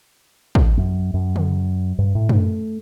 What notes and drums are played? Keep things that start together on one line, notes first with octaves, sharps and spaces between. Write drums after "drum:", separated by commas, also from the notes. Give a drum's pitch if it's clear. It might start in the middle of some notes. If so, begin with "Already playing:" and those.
drum: kick
F#2
F#2
drum: tom C#3
G2
A2
A3, drum: tom F#2